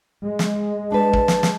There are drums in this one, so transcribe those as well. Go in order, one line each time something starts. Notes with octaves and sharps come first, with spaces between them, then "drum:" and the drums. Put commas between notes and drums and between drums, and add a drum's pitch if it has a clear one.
G#3
drum: snare
D4 B4 A5
drum: kick
drum: snare
drum: snare